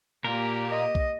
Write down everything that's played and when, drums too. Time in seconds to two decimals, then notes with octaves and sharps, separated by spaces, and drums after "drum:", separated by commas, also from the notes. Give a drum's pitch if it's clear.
0.24 A#2 A#3 G4 A#4
0.71 D#5
0.95 drum: kick B1